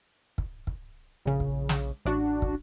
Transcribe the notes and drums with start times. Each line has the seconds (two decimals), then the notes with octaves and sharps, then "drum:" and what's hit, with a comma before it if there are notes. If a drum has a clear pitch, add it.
0.38 drum: kick
0.67 drum: kick
1.25 A#1 C#3
1.40 drum: kick
1.69 drum: snare
2.05 A1 D4 F#4
2.42 drum: kick